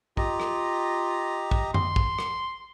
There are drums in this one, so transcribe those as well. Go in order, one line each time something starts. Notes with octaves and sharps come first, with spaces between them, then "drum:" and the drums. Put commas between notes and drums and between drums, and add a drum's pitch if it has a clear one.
F4 G4 D#5 A#5, drum: kick
drum: rim click
drum: kick
C6, drum: tom F#2
drum: kick
drum: rim click